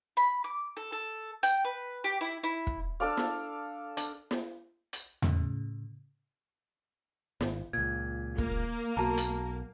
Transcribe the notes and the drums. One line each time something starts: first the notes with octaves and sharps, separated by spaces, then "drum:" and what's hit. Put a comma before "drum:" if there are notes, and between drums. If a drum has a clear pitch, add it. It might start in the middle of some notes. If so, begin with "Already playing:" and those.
B5
D6
A4
A4
G5, drum: hi-hat
B4
G4
E4
E4
drum: kick
D4 A4 D5 F5
drum: snare
D4, drum: hi-hat
drum: snare
drum: hi-hat
A2 C#3, drum: tom E2
G#1, drum: snare
C#2 A#2 G#6
A#3, drum: kick
B1 F#4 A5 A#5
drum: hi-hat